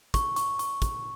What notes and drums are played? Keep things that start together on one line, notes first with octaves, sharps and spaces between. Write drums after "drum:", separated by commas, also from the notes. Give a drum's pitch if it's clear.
C#6, drum: kick, hi-hat
C#6, drum: hi-hat
C#6, drum: hi-hat
drum: kick, hi-hat